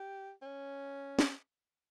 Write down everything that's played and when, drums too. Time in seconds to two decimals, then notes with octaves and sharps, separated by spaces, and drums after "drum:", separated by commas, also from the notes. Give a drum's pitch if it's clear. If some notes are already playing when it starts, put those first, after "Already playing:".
Already playing: G4
0.42 C#4
1.19 drum: snare